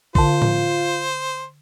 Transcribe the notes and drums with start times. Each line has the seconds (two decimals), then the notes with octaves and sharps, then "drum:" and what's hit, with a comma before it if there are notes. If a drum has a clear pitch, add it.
0.15 D3 F4 C5 C6, drum: kick
0.42 drum: tom A2